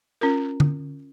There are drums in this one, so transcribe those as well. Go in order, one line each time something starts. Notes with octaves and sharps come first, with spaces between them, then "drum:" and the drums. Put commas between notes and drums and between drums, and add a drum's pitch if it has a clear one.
C#4 F4 A#4
drum: tom D3